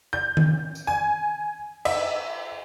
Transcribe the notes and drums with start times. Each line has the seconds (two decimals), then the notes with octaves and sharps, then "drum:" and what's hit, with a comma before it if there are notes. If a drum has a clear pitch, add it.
0.13 G6
0.37 drum: tom D#3
0.75 drum: tambourine
0.87 G#5
1.85 E5, drum: cymbal